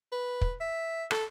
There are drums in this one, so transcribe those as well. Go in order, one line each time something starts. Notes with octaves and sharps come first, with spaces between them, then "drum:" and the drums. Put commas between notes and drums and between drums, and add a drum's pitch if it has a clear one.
B4
drum: kick
E5
A4, drum: rim click